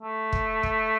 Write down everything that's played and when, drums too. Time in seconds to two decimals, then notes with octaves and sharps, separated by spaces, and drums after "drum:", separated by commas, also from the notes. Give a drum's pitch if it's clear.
0.01 A3
0.33 drum: kick
0.63 drum: kick